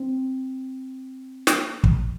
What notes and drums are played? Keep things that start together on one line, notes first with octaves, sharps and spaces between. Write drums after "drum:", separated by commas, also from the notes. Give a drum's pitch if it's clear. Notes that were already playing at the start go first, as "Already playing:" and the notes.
Already playing: C4
A#3, drum: snare
drum: kick